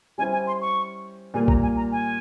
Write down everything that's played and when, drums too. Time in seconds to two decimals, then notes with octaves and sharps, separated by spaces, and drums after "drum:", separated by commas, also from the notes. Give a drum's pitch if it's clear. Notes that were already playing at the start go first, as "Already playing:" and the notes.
0.18 G3 C#4 E4 G4 C5 G#5
0.32 G#5
0.47 C6
0.61 C#6
1.34 A#2 G3 A#3 G#5
1.48 A#5, drum: kick A#1
1.63 G#5
1.76 A#5
1.92 G#5